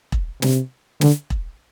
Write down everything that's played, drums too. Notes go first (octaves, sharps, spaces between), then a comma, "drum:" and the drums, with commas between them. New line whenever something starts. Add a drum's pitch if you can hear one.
drum: kick E1
C3, drum: snare
D3, drum: snare
drum: kick E1